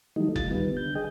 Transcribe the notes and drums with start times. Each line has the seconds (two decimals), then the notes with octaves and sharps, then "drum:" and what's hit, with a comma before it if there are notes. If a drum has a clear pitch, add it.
0.16 D#3 E3 F#3 G3 A3 D#4
0.36 D2 F4 A6, drum: kick F#1
0.51 D#3 G3 B3
0.77 D3 G6
0.95 G#4 D#5 G5